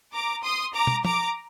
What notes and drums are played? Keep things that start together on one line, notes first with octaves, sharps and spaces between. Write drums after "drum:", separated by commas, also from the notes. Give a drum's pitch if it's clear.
A#5 D6
C6 D#6
A#5 D6
drum: tom
A#5 D6, drum: tom F3